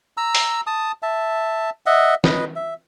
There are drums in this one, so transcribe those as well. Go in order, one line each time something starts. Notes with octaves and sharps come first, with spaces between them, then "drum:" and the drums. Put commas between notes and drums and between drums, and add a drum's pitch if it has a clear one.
A#5 E6
drum: open hi-hat
A5 D#6
E5 A5
D#5 E5 F#5
B4 D#5, drum: snare
E5